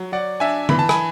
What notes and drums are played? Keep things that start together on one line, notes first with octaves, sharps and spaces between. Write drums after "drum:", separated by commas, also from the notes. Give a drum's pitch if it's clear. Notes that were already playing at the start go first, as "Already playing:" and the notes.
Already playing: F#3
F#3 D5 F#5
D4 E5 G#5
E3 B5, drum: tom D3
A5
G#5 B5, drum: rim click